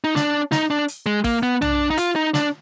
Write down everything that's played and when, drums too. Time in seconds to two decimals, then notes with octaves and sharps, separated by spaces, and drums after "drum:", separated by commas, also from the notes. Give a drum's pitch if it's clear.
0.04 D#4
0.16 D4, drum: snare
0.52 D#4, drum: snare
0.70 D4
0.88 drum: hi-hat
1.06 G#3
1.24 A#3, drum: kick, open hi-hat
1.43 B3
1.62 D4, drum: tom B1
1.90 D#4
1.97 F4, drum: hi-hat
2.16 D#4
2.34 D4, drum: snare